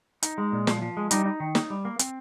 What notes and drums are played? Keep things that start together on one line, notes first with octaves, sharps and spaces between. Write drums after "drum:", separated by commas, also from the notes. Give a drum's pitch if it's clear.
D#4, drum: hi-hat
G#3
A#2
F3, drum: snare
F3
G#3
G3 D#4, drum: hi-hat
D#4
D#3
D#4, drum: snare
G3
A#3
C4, drum: hi-hat